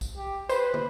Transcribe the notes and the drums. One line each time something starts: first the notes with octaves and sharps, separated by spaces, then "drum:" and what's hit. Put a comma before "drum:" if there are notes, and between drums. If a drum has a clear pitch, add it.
drum: kick B1, tambourine
G4
B4 C5, drum: tambourine
drum: tom